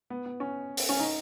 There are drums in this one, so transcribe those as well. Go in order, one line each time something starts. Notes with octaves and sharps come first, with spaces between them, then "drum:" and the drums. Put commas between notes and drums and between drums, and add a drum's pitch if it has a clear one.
B3
B3
C#4
drum: open hi-hat
C#4
D#4